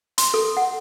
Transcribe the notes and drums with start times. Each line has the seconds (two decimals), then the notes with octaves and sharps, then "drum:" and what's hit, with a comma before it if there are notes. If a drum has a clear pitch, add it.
0.18 C6, drum: hi-hat
0.34 A4
0.57 F#5